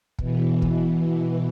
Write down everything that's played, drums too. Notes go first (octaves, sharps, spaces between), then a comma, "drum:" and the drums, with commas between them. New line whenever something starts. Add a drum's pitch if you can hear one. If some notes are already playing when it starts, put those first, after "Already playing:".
B2 E3, drum: kick
drum: kick